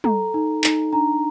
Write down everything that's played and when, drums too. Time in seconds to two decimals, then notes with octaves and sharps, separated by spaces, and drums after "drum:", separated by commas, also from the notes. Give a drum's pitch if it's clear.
0.04 A4 A#5, drum: tom
0.34 D#4
0.64 D#4, drum: clap
0.93 D4 A#5